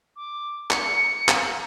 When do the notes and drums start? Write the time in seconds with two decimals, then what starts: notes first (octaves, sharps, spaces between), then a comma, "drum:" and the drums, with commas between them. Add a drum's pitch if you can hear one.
0.16 D6
0.71 C#7, drum: clap
1.28 drum: clap